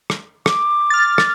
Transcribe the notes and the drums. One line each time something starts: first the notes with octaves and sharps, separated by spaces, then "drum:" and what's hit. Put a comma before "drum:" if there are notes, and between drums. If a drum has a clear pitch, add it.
drum: rim click
D6, drum: rim click
F6 A6
drum: rim click